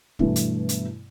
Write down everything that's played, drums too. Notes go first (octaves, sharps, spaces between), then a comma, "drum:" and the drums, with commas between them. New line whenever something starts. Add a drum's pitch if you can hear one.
G2 B2 E3 A3, drum: kick
drum: hi-hat
drum: hi-hat